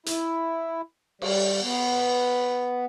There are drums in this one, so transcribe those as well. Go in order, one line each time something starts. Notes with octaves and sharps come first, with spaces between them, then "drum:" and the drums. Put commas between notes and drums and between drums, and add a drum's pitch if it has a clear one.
E4, drum: hi-hat
G3, drum: cymbal
B3